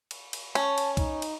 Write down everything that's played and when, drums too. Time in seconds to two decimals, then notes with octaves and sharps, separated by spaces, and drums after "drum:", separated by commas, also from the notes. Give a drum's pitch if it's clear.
0.11 drum: cymbal
0.33 drum: cymbal
0.55 C#4 A5, drum: cymbal
0.78 drum: cymbal
0.97 D#4, drum: kick C2, cymbal
1.22 drum: cymbal